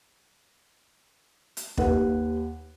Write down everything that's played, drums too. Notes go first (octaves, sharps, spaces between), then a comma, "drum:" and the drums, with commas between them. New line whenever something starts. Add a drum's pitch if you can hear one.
drum: hi-hat
D#2 G4 B4 F#5, drum: kick